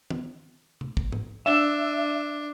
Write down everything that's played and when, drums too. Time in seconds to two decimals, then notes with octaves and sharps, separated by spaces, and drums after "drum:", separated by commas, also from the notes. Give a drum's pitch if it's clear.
0.10 drum: tom D#3
0.81 drum: tom C3
0.97 drum: kick
1.12 drum: tom G#2
1.46 D4 E5